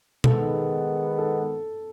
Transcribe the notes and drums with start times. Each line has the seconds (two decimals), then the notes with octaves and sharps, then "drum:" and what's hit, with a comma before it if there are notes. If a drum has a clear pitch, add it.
0.24 D#3 G#3 B3 A4, drum: tom B2
1.18 A4